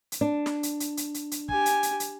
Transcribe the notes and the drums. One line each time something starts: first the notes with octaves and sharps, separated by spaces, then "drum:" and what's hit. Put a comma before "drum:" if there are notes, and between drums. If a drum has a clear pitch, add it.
drum: hi-hat
D4
drum: snare
drum: hi-hat
drum: hi-hat
drum: hi-hat
drum: hi-hat
drum: hi-hat
G4 G#5, drum: kick
drum: hi-hat
drum: hi-hat
drum: hi-hat